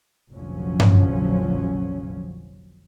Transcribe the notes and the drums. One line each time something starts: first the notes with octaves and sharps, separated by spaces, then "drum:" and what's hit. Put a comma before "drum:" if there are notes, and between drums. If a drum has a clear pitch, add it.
F1 A#1 D3 F3 F#3 C#4
drum: tom G2